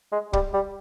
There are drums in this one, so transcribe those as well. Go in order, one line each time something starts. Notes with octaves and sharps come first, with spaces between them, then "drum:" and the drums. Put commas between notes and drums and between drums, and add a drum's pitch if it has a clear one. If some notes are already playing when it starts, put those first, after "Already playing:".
G#3
G3, drum: kick
G3